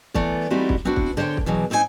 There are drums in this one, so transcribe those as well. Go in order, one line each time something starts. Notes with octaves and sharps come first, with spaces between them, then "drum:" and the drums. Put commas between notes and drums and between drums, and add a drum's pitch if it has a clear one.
E3 A3 B3 D5, drum: kick
G3 A3 C4 D#4 E4 F#4
drum: kick
B3 C4 D4 E4 F#4
drum: kick
D3 C5 C#5 F5 G5
drum: kick
E2 B2 E3 F#3
G#2 C4 D#4 E4 G#5